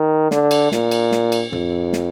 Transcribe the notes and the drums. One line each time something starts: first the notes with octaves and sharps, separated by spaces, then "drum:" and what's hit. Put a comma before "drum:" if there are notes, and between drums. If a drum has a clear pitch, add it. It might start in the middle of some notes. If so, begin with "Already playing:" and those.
Already playing: D#3
D3, drum: snare
drum: cymbal
A#2, drum: snare
drum: cymbal
drum: snare
drum: cymbal
F2, drum: tom
drum: snare